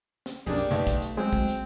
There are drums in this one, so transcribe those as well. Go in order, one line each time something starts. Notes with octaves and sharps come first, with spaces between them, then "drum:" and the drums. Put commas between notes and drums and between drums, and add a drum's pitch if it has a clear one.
drum: snare
B1 F2 G3 A#3 D4 G#4
drum: hi-hat
B1 A3, drum: hi-hat
drum: kick, hi-hat
drum: hi-hat
F#3 G#3 C4
drum: kick
drum: hi-hat